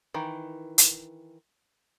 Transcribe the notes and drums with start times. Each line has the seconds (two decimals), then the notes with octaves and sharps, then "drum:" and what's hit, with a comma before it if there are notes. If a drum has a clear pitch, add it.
0.14 D#3 E3
0.78 drum: hi-hat